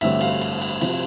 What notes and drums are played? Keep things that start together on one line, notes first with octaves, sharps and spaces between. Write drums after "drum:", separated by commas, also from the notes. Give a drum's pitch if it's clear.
A1 G2 D3 A3 C4 E5, drum: cymbal
F5, drum: cymbal
drum: cymbal
drum: cymbal
C3 F3, drum: cymbal